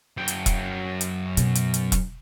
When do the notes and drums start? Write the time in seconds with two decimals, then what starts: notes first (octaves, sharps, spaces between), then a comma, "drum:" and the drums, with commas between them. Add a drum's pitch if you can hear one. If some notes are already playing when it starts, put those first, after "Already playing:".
0.17 F#2 G5
0.28 drum: hi-hat
0.46 drum: kick E1, hi-hat
1.01 drum: hi-hat
1.37 B2, drum: hi-hat
1.55 drum: hi-hat
1.74 drum: hi-hat
1.92 drum: kick E1, hi-hat